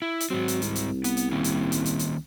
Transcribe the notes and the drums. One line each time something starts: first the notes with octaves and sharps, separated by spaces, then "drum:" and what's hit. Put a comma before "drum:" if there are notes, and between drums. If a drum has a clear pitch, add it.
E4
drum: hi-hat
G#2 F#3 C4
drum: hi-hat
C2, drum: hi-hat
drum: hi-hat
B3, drum: hi-hat
drum: hi-hat
D#3 A#3 C#4
drum: hi-hat
drum: hi-hat
drum: hi-hat
drum: hi-hat